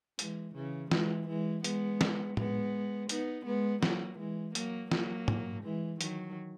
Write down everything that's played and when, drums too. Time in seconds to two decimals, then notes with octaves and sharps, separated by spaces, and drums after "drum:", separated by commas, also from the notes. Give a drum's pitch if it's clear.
0.19 E3 G#3, drum: hi-hat
0.55 C#3 E3
0.91 E3 G#3, drum: snare
1.28 E3 G#3
1.64 G#3 B3, drum: hi-hat
2.01 drum: snare
2.37 G#3 B3, drum: tom A2
3.09 B3 D#4, drum: hi-hat
3.46 G#3 B3
3.83 F#3 A#3, drum: snare
4.18 E3 G#3
4.55 F#3 A#3, drum: hi-hat
4.92 F#3 A#3, drum: snare
5.28 drum: tom
5.64 E3 G#3
6.01 D#3 F#3, drum: hi-hat